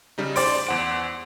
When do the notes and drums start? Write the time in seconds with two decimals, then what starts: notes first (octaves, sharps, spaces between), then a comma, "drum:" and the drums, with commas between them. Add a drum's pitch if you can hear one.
0.18 C#3 G3 D#4
0.36 C5 D5 D7, drum: open hi-hat
0.67 E2 F#5 D7